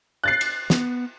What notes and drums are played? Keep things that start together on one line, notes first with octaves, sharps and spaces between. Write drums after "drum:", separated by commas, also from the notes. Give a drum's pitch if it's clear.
F#6 A6 C7
drum: cymbal
B3, drum: snare